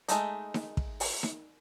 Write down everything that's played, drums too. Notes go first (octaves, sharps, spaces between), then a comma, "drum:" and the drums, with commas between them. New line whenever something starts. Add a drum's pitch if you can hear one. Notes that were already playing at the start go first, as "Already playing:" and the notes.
G#3 A3 D#4, drum: hi-hat
drum: snare D#4
drum: kick
drum: open hi-hat
drum: snare D#4